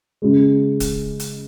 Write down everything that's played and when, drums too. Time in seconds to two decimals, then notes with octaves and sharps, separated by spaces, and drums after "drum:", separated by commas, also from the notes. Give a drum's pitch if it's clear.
0.22 C#3 G#3
0.80 drum: kick, hi-hat
1.20 drum: hi-hat